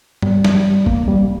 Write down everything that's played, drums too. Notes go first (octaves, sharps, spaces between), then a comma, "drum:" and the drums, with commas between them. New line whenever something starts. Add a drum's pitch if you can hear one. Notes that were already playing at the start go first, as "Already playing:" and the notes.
G3, drum: tom G2
drum: snare
G3
A#3, drum: kick
G3